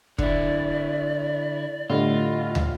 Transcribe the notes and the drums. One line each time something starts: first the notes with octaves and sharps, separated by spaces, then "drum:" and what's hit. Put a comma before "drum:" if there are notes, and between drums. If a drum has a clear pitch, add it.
D3 E4 D5, drum: kick
A2 D3 G3 F4 D#5
drum: tom